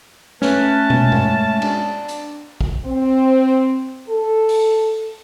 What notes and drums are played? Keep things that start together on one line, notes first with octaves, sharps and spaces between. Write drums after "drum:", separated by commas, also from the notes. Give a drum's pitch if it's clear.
A3 C#4 B4 A5, drum: snare
G#3, drum: tom
drum: tom G2
D4, drum: cymbal
drum: hi-hat
drum: kick
C4
A4
drum: open hi-hat